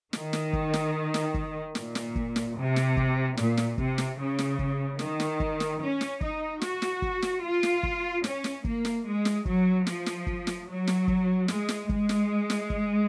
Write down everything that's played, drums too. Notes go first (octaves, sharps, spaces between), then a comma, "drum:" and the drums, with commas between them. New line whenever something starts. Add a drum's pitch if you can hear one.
D#3, drum: snare
drum: snare
drum: kick
drum: snare
drum: snare
drum: kick
A#2, drum: snare
drum: snare
drum: kick
drum: snare
C3
drum: snare
drum: kick
A#2, drum: snare
drum: snare
C3, drum: kick
drum: snare
C#3
drum: snare
drum: kick
D#3, drum: snare
drum: snare
drum: kick
drum: snare
C#4
drum: snare
D#4, drum: kick
F#4, drum: snare
drum: snare
drum: kick
drum: snare
F4
drum: snare
drum: kick
C#4, drum: snare
drum: snare
A#3, drum: kick
drum: snare
G#3
drum: snare
F#3, drum: kick
F3, drum: snare
drum: snare
drum: kick
drum: snare
F#3
drum: snare
drum: kick
G#3, drum: snare
drum: snare
G#3, drum: kick
drum: snare
drum: snare
drum: kick